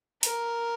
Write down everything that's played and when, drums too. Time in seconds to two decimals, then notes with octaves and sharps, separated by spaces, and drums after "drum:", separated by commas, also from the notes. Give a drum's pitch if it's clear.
0.23 A#4, drum: hi-hat